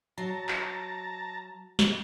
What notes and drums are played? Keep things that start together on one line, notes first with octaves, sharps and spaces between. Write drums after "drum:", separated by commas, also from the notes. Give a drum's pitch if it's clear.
F#3 A5 A#5
drum: clap
drum: snare